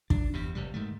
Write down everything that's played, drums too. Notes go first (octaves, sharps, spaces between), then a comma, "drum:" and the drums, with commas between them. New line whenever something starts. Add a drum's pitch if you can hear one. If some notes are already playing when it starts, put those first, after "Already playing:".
D4, drum: kick
E2 G2 C3
F1 C3 G3
G#2 D#3 A3